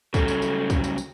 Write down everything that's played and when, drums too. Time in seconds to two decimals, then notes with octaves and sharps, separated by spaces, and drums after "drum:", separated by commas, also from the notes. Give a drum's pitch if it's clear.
0.14 C#3 F#3 G3 A4, drum: kick, tambourine
0.28 drum: tambourine
0.42 drum: tambourine
0.70 drum: kick, tambourine
0.84 drum: tambourine
0.98 drum: tambourine